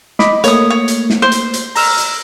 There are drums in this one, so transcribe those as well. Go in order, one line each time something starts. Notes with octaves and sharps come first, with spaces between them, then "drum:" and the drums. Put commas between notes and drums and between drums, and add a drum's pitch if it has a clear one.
D#5 B5 D6, drum: snare
A3 A#3 C#5 D#6, drum: hi-hat
C#5
drum: hi-hat
drum: snare
C5
drum: hi-hat
drum: hi-hat
A#5 E6 F6, drum: open hi-hat
drum: hi-hat